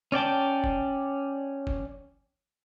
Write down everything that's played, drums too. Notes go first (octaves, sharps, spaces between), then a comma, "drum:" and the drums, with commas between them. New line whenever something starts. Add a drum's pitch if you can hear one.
C#4 D5 G5 A5
drum: kick F#1
drum: kick F#1